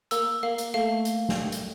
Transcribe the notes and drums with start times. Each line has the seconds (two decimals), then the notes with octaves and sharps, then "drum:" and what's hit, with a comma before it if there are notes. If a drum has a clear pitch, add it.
0.11 A#3 E6, drum: hi-hat
0.43 A#3 F5
0.58 drum: hi-hat
0.74 A3 F5
1.05 drum: hi-hat
1.29 drum: snare
1.52 drum: hi-hat